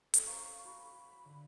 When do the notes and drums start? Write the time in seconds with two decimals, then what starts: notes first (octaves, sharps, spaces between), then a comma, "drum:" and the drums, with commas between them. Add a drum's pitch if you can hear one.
0.14 C#4 A4, drum: hi-hat
0.25 C5 F5 A#5 C#6
0.65 F#4 B5
1.25 D3